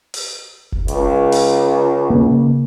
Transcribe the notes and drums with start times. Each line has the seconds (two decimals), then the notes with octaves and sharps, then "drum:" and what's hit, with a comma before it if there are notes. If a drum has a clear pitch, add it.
0.14 drum: open hi-hat
0.72 drum: kick
0.88 C#2, drum: hi-hat
1.32 drum: open hi-hat
2.10 C#3 A#3